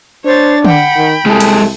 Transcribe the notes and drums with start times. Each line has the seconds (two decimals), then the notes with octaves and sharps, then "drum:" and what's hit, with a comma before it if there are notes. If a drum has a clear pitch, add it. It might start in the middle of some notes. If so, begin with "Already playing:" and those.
0.25 D4 C5 C#5 A6
0.65 F#5 G5 B5, drum: tom
0.97 D#3
1.26 C2 G#3 G#4 A4
1.40 drum: cymbal